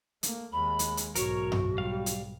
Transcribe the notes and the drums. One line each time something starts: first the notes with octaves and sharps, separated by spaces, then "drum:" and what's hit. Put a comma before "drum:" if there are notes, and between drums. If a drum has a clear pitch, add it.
A3 A#3, drum: hi-hat
D#2 G#3 B5
drum: hi-hat
drum: hi-hat
B1 G#2 F#4 A#4 C#5, drum: hi-hat
drum: tom F#2
G3 F5
drum: hi-hat